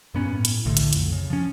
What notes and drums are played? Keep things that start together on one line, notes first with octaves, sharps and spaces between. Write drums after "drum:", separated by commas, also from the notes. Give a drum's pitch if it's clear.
G2 A#2 B3 C#4
A2
drum: hi-hat
E1 B1 A2 D3
drum: hi-hat
F2, drum: hi-hat
C#3
F3 C#4